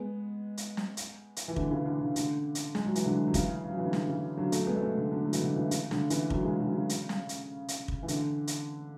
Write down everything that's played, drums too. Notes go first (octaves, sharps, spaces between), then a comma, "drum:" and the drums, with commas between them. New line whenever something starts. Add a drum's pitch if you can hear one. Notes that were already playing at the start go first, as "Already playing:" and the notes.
Already playing: G#3 B3
drum: hi-hat
drum: snare
drum: hi-hat
drum: hi-hat
E3
D3, drum: kick
C#3 E3
D3
D3
D3, drum: hi-hat
drum: hi-hat
G#3, drum: snare
F#3
E3, drum: hi-hat
D3 F#3
F#3
C#3 E3, drum: kick, hi-hat
F#3
E3
D3
C#3, drum: snare
C#3
D3 F#3
F#3 A3, drum: hi-hat
G#3 B3
A3
G#3 B3
D3
D3
F#3
E3, drum: hi-hat
D3
C#3 E3
C#3, drum: hi-hat
D3, drum: snare
C#3 E3, drum: hi-hat
D3 F#3, drum: kick
E3 G#3
D3 F#3
C#3
drum: hi-hat
drum: snare
drum: hi-hat
drum: hi-hat
drum: kick
E3
D3, drum: hi-hat
drum: hi-hat